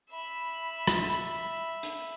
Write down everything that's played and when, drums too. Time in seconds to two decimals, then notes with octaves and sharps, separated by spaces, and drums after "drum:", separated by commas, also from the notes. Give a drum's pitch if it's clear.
0.10 E5 B5
0.87 drum: rim click
1.83 drum: hi-hat